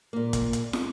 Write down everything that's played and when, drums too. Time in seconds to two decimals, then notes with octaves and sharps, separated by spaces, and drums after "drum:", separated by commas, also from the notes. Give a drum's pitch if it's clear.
0.13 A#2 A#3
0.33 drum: kick, hi-hat
0.53 drum: hi-hat
0.73 drum: snare